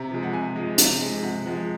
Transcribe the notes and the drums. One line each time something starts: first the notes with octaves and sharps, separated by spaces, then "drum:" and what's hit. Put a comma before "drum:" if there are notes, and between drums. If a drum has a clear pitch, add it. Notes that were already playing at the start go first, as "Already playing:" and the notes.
Already playing: C3 A#5
F3 G#3
F#5
C3 G#5
F3 G#3
C3, drum: hi-hat
F3 G#3
C3 F#5
F3 G#3 F#5